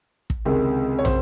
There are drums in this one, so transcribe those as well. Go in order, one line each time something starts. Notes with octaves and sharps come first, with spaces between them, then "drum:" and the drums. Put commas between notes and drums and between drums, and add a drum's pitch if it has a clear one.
drum: kick
C#2 C3 D#3 G#3
C#5
C5, drum: tom